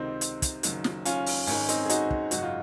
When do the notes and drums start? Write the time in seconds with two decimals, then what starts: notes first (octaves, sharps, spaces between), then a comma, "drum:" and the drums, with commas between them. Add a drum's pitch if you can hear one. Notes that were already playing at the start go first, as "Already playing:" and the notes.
Already playing: C#2 C3 D#3 C4 D#4
0.21 drum: hi-hat
0.42 drum: kick, hi-hat
0.63 F#1 F#2 D#3, drum: hi-hat
0.84 drum: snare
1.05 C#4 F4, drum: hi-hat
1.26 drum: open hi-hat
1.47 G#1 G#2 D#3 C#4, drum: open hi-hat
1.69 C4 D#4, drum: hi-hat
1.85 G#4
1.89 D#4 F#4, drum: hi-hat
2.11 drum: kick
2.31 G#1 F#2 C#3 D#4 F#4, drum: hi-hat
2.43 F4